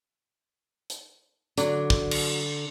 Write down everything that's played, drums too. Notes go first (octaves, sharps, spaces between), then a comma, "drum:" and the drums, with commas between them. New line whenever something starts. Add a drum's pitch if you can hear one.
drum: hi-hat
D3 F#3 D5, drum: hi-hat
drum: kick
drum: cymbal